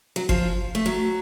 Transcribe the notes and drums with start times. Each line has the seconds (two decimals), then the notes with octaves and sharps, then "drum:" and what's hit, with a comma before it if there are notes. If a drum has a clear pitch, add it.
0.16 F#3
0.29 F3, drum: kick F#1
0.75 A3
0.86 F#3